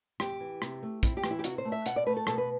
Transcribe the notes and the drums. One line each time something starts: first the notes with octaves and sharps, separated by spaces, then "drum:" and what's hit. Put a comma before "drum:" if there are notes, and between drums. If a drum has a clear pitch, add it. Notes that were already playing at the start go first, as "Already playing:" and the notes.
C4 G4, drum: rim click
E3
C3, drum: rim click
A3
C4 E4, drum: kick, hi-hat
G4
E3, drum: rim click
E4
G4
C3 F#4, drum: hi-hat
C5
A3
E5
B2 F#5, drum: hi-hat
D5
A3 B4
A4
B2 A4, drum: rim click
B4